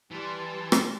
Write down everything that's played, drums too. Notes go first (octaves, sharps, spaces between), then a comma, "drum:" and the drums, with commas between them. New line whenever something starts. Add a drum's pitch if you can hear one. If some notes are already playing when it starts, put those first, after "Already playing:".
E3 G3 A5 C6
drum: rim click